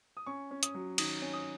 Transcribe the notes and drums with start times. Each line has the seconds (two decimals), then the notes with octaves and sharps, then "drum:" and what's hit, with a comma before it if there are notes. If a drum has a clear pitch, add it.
0.17 D#6
0.26 C#4 C#6
0.51 C#4
0.63 D#6, drum: hi-hat
0.75 F#3
0.98 D#3 D#6, drum: cymbal
1.22 C#4
1.33 D#6